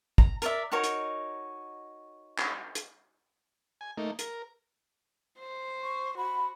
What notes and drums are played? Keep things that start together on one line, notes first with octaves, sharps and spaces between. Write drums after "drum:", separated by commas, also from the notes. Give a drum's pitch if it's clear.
A#5, drum: kick
A#4 D5 E5, drum: hi-hat
D#4 F#4 A#4 C#5
drum: hi-hat
drum: clap
drum: hi-hat
G#5
A3 A#3 D#4
A#4, drum: hi-hat
C5
C#6
F#4 B5